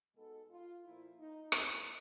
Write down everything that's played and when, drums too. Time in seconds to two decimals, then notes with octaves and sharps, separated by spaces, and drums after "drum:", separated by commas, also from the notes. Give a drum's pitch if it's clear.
0.15 B2 G#3 B3 D#4 A4
0.50 F4
0.84 A#2 F3 A#3 E4
1.18 D#4
1.52 D3 G3 A#3 D4 E4, drum: rim click